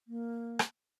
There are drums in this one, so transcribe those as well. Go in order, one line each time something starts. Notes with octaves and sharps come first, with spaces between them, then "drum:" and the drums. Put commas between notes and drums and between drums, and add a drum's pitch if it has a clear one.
A#3
drum: rim click